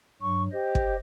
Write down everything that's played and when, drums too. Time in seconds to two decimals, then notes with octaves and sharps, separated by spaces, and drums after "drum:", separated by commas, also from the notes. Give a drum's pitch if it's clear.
0.22 G2 F#3 C#6
0.52 G4 C5 D#5
0.75 drum: kick